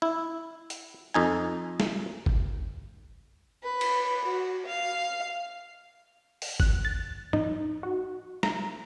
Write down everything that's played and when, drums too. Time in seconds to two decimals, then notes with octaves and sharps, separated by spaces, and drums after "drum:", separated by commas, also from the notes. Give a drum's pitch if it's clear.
0.02 E4
0.70 drum: hi-hat
1.14 F2 D#4 G#5
1.80 drum: snare
2.26 drum: kick G#1
3.62 B4
3.81 drum: cymbal
4.24 F#4
4.64 F5
6.42 drum: open hi-hat
6.60 F#6, drum: kick G#1
6.85 A6
7.33 D#4, drum: tom
7.83 F#4
8.43 A#5, drum: snare